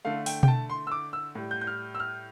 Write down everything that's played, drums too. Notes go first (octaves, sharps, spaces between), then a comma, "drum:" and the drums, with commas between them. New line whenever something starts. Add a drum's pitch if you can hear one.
D3 A3 F5
G5, drum: open hi-hat
G5, drum: tom B2
A5
C6
E6
D6
E6
A2 G3
G6
G6
F6
E6
F6